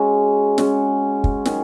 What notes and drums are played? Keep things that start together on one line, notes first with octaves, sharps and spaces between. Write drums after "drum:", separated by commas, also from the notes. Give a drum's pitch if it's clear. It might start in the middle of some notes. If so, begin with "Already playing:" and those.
Already playing: G#3 C#4 F#4
G#3 C#4 F#4, drum: snare
drum: kick
D#3 F#3 C#4 G#4, drum: snare